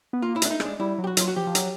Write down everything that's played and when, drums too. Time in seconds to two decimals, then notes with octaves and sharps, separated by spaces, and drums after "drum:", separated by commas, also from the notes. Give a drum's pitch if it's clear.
0.13 B3
0.22 A#3 F4
0.36 E4
0.42 A3 D4, drum: hi-hat
0.50 D#4
0.60 G#3 D4, drum: rim click
0.80 G3 E4
0.98 F#3
1.04 G4
1.07 F#4
1.17 F#3 F4, drum: hi-hat
1.28 F#4
1.36 F3 G4
1.47 F3
1.55 F#3, drum: hi-hat